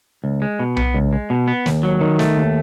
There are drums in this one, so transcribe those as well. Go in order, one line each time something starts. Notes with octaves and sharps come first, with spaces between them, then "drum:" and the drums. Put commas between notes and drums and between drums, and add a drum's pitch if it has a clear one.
C#2
G#3
B2
B3, drum: tom B1
C#2
G#3
B2
B3
D#2, drum: snare
F#3
D#3
A3, drum: snare
D#2